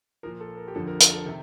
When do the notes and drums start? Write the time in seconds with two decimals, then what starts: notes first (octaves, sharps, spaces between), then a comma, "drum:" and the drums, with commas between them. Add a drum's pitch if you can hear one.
0.23 A#2 F3 A#4
0.41 A4
0.57 A#4
0.68 G4
0.75 F2 D3 F3 A4
0.88 A#4
1.00 A4, drum: hi-hat
1.14 A4
1.26 C3 D#3 A4